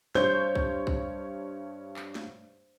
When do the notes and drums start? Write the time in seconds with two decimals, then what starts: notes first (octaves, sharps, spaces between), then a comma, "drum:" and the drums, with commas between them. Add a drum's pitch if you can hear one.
0.15 G2 C5 C#5 G6, drum: snare
0.55 drum: kick B1
0.87 drum: kick B1
1.96 drum: clap
2.15 drum: snare